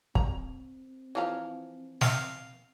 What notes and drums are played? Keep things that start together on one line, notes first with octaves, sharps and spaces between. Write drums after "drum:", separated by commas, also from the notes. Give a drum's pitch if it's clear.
C4 A#5, drum: kick
E3 F3 A#5
F5, drum: snare